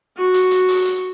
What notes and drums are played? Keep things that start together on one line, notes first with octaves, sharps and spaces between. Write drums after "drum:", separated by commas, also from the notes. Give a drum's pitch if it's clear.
F#4
drum: hi-hat
drum: hi-hat
drum: open hi-hat
drum: hi-hat